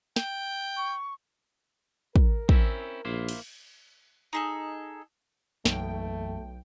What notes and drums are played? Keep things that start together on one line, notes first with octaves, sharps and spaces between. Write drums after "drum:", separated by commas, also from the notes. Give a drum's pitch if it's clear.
G5, drum: snare
C#6
A#4, drum: kick
C4 C#4 E4, drum: kick
A#1 A#3 E4 C5
drum: cymbal
D#4 G#4 A4
B1 F#2 E3 A3 A#3 G5, drum: snare